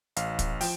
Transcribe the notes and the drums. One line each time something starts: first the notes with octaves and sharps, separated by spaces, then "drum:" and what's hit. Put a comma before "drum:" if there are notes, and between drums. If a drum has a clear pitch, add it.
A1 F5, drum: hi-hat
drum: kick, hi-hat
F3 G5, drum: open hi-hat